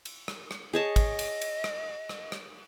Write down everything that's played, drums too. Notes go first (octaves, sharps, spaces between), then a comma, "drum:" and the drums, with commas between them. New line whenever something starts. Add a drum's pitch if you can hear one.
drum: cymbal
drum: rim click
drum: rim click
G#4 C#5 D#5 A5
drum: kick, cymbal
drum: cymbal
drum: cymbal
drum: rim click
drum: rim click
drum: rim click